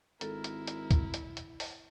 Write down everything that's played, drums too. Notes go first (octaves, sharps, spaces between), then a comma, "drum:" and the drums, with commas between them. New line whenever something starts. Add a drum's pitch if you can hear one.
G#1 E4 A4 A#4, drum: hi-hat
drum: hi-hat
drum: hi-hat
drum: kick, hi-hat
drum: hi-hat
drum: hi-hat
drum: open hi-hat